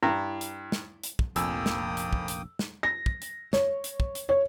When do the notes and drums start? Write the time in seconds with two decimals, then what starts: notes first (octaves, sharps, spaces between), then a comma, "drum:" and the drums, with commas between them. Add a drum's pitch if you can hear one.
0.03 G2 E4
0.41 drum: hi-hat
0.72 drum: snare
1.03 drum: hi-hat
1.19 drum: kick
1.36 F1 A#1 F2 A#3 G5 G#5 D#6 E6, drum: hi-hat
1.66 drum: snare
1.97 drum: hi-hat
2.13 drum: kick
2.28 drum: hi-hat
2.59 drum: snare
2.83 A#6
3.06 drum: kick
3.22 drum: hi-hat
3.53 C#5, drum: snare
3.84 drum: hi-hat
4.00 drum: kick
4.15 drum: hi-hat
4.29 C#5